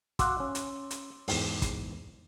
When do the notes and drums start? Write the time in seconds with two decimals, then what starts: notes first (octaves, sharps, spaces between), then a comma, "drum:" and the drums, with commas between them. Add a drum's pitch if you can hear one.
0.19 F#4 F5 F#5 C6 D6 E6, drum: kick, hi-hat
0.40 C#4
0.55 drum: hi-hat
0.91 drum: hi-hat
1.28 E2 G#2, drum: open hi-hat
1.62 drum: kick, hi-hat